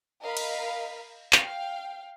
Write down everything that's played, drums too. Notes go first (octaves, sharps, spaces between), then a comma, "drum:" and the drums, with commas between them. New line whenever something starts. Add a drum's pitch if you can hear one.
A#4 D#5 F5 B5
drum: cymbal
F5 G5, drum: clap